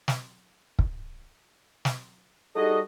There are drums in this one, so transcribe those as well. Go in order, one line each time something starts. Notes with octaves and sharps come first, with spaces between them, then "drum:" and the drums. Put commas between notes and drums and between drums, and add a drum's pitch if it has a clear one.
drum: snare
drum: kick
drum: snare
G3 D#4 F#4 G#4 A4 D#5